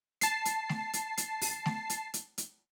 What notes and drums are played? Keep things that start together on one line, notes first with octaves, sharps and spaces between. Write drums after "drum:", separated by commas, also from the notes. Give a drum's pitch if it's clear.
A5 C7, drum: hi-hat
drum: hi-hat
drum: snare A3
drum: hi-hat
drum: hi-hat
drum: open hi-hat
drum: snare A3
drum: hi-hat
drum: hi-hat
drum: hi-hat